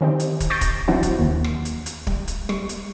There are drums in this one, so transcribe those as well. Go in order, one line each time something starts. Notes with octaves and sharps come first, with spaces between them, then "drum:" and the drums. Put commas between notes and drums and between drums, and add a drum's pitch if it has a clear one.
D#3 C4 D#4 G4
drum: hi-hat
drum: kick, hi-hat
C#6 G6 A6 A#6 C7 D7
drum: kick, hi-hat
E3 F#3 C4 D4 E4 F#4
drum: kick, hi-hat
D#2
drum: rim click
drum: hi-hat
drum: hi-hat
G3, drum: kick
drum: hi-hat
G3 C#6, drum: rim click
drum: hi-hat